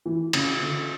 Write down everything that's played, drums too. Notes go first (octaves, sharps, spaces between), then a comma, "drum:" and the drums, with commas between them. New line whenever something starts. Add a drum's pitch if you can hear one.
E3
C#3, drum: cymbal
D3